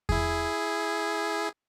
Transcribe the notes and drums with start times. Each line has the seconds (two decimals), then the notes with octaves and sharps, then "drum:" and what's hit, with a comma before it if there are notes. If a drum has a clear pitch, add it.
0.09 E4 G#4, drum: kick E2